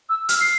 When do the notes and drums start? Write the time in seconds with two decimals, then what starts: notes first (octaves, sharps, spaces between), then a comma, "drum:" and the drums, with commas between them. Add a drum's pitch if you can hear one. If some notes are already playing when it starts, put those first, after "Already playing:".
0.09 E6
0.29 F6, drum: hi-hat
0.41 C7